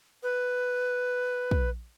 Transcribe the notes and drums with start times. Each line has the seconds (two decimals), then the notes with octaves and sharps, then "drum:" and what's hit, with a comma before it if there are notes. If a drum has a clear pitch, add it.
0.23 B4
1.51 drum: kick